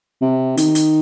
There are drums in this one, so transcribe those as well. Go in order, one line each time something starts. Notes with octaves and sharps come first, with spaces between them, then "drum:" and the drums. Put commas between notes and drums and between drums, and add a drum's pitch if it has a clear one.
C3
D#3, drum: hi-hat
drum: hi-hat